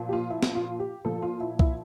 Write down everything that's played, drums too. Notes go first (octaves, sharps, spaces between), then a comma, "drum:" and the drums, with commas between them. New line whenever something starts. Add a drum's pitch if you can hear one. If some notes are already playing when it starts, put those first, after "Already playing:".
Already playing: A#2 F3
G4
F4
E4
drum: snare
F4
G4
A#2 F3 A4
F4
E4
E4, drum: kick C2